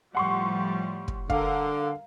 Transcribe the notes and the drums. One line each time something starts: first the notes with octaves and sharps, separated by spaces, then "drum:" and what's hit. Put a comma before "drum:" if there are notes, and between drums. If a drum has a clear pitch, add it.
A2 F3 G3 F#5 C6 C#6
drum: kick
D3 A#4 F5, drum: kick